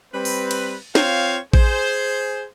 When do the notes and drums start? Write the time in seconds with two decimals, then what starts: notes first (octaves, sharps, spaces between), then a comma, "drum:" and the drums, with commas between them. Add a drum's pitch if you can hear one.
0.14 G3 C4 B4
0.25 drum: open hi-hat
0.51 drum: cymbal
0.95 C4 F4 C#5 F5, drum: snare
1.53 G#4 C5, drum: kick A1